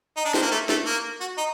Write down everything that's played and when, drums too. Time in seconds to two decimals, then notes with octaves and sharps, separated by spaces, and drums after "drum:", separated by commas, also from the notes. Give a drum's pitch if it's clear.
0.17 D#4
0.25 D4
0.34 C4, drum: snare
0.42 A#3
0.52 A3
0.69 A3, drum: snare
0.85 A#3
1.21 F#4
1.38 D#4